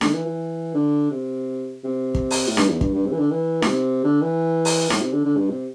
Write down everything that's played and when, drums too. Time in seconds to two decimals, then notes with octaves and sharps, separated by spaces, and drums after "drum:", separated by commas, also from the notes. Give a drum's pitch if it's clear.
0.01 D3, drum: snare D#4
0.14 E3
0.25 E3
0.74 D3
1.11 C3
1.84 C3
2.15 drum: kick
2.31 drum: open hi-hat
2.48 A2
2.57 G2, drum: snare D#4
2.69 E2
2.81 G2, drum: kick
2.94 G2
3.06 C3
3.12 E3
3.18 D3
3.31 E3
3.62 A2, drum: snare D#4
3.67 C3
4.04 D3
4.22 E3
4.65 drum: open hi-hat
4.90 A2, drum: snare D#4
5.02 C3
5.13 D3
5.25 D3
5.37 G2
5.50 C3